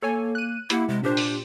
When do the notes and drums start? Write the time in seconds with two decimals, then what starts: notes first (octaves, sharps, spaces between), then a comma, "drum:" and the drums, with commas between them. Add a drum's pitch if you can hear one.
0.02 A#3 A4 C#5 G#5
0.35 F#6 D#7
0.70 A#3 E4 G4 F#5, drum: hi-hat
0.89 C3 G#3
1.03 A#2 D4 G4 C5
1.17 drum: open hi-hat